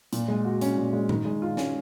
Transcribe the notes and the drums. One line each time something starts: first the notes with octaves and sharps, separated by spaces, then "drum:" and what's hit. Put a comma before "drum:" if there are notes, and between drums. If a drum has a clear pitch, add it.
A#2, drum: hi-hat
G#3
F#4
C#4, drum: hi-hat
A#2
G#3
D#3, drum: tom A2
G#3
F4
C#4, drum: snare